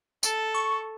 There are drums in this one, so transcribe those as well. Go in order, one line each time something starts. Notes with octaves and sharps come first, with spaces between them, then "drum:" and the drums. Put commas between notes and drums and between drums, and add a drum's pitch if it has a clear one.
A4, drum: tambourine
C#6